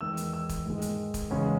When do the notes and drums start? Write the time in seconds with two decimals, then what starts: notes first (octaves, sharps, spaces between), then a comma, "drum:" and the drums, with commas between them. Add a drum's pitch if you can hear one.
0.01 E2 D#3 G#3 E6
0.17 drum: hi-hat
0.33 E6
0.49 drum: kick, hi-hat
0.66 G#2 D#3 G#3
0.82 drum: hi-hat
1.14 drum: kick, hi-hat
1.30 E2 C#3 G#3 C#4